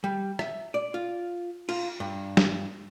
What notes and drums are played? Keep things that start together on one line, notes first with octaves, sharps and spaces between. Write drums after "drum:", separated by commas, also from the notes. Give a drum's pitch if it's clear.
G3
E5, drum: rim click
D5
F4
F4, drum: cymbal
G2
drum: snare